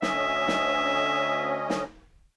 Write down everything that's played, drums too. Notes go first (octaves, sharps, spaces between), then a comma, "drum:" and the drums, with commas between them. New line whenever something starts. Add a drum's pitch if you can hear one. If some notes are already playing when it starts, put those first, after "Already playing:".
D2 C#4 D#5 E5, drum: snare
drum: snare
drum: snare